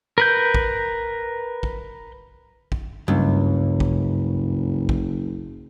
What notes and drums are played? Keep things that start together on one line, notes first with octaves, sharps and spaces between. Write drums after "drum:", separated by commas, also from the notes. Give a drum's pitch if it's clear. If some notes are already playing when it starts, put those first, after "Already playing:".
A#4 B4 G6
drum: kick
drum: kick
drum: kick
F#1 C#2 G2
drum: kick
drum: kick